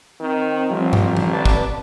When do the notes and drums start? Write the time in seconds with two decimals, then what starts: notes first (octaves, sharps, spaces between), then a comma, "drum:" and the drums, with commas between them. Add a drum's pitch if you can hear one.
0.20 D#3 C4
0.70 A1 F3 G3
0.93 drum: tom G2
1.17 drum: tom D#3
1.34 B4 D5 A5
1.46 drum: kick